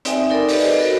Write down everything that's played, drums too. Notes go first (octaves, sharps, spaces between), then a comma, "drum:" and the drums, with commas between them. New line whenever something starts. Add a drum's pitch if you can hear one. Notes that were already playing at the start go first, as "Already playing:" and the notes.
C4 D#4 D5 E5 G5 G#5, drum: hi-hat
D#4 A4 A#4 D5 B5 D6
G4 A4 B4 C#5 D#5 B5, drum: open hi-hat
B4 C5
F#4 A4 A#4 D#5